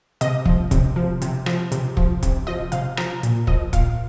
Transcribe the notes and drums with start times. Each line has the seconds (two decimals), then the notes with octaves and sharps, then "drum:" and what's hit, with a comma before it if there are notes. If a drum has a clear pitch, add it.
0.21 C3 D#5, drum: hi-hat
0.46 F3, drum: kick
0.71 C3, drum: kick, hi-hat
0.96 F3
1.22 C3, drum: hi-hat
1.46 F3, drum: rim click
1.72 C3, drum: hi-hat
1.97 F3, drum: kick
2.23 C3, drum: kick, hi-hat
2.47 F3 D#5
2.72 C3 F5, drum: hi-hat
2.97 F3 A#5, drum: rim click
3.23 A#2, drum: hi-hat
3.47 F3 D#5, drum: kick
3.73 A#2 F5, drum: kick, hi-hat